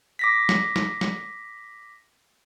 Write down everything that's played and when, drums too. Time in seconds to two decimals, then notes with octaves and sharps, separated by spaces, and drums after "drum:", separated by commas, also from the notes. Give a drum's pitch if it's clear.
0.19 D6 A#6 B6
0.49 drum: snare
0.76 drum: snare
1.01 drum: snare